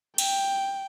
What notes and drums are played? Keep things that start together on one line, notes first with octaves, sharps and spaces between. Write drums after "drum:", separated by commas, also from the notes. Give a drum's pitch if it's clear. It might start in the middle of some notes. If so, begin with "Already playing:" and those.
G5, drum: cymbal